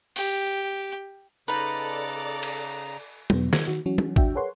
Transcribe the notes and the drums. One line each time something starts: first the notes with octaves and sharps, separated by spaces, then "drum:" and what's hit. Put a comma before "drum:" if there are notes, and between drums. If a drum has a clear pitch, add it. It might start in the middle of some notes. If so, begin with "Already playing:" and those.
G4, drum: open hi-hat
C#3 D#4 A4 B4 D5 A#5
drum: cymbal
E2 B2 B3, drum: tom F#3
G#6, drum: snare
D#3 F#4
E3 F#3 C#4 F#4
drum: tom F#3
D4 F#4 E5 G5, drum: kick G#1
G#4 A#4 B4 C#5 F#5 C6